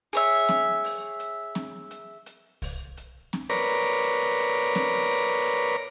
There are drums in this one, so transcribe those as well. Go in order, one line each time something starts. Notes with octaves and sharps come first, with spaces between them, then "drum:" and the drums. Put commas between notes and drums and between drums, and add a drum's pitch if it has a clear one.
G#4 C#5 E5, drum: hi-hat
drum: snare C4
drum: open hi-hat
drum: hi-hat
drum: snare C4
drum: hi-hat
drum: hi-hat
drum: kick C2, open hi-hat
drum: hi-hat
drum: snare C4
A#4 B4 C#5 D5 A#5
drum: hi-hat
drum: hi-hat
drum: hi-hat
drum: snare C4
drum: open hi-hat
drum: hi-hat